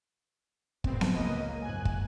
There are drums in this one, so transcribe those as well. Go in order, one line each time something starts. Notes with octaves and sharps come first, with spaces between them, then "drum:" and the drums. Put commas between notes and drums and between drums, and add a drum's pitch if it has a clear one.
A1 B3 C4, drum: kick
drum: snare B3
C#2 A#3 B4 D#5 D#7
F#1 G#2 G#5 F#6
drum: kick